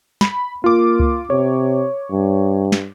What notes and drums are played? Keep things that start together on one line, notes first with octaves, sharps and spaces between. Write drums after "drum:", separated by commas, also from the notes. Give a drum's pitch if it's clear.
B5, drum: snare
A#3 F4 D6
drum: kick C#2
C3 C#5
G2
drum: snare